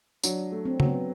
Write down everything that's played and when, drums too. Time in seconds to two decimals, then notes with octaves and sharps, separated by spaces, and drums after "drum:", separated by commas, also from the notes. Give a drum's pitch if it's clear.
0.23 F#3 D4, drum: tambourine
0.52 A3
0.65 C4
0.80 F#3, drum: tom C#3
0.86 B3